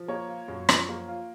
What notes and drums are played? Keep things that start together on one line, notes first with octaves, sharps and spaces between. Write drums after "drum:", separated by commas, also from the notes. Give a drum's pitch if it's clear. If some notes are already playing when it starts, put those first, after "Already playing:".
Already playing: F3
A#3 C#5
F4
F#2
F3, drum: rim click
A#3
F4